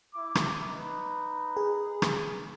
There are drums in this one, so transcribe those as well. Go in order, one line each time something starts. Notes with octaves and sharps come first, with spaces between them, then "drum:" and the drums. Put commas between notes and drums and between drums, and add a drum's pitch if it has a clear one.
E4 D6
drum: rim click
D#4 B4
G#4
drum: rim click